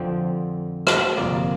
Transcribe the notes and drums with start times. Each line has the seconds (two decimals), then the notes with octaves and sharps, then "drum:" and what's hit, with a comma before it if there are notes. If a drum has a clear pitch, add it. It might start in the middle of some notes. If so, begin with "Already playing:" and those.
Already playing: F2 D3 F3 C4 G5
0.87 drum: rim click
1.17 G1 F2 C3 A#3 D5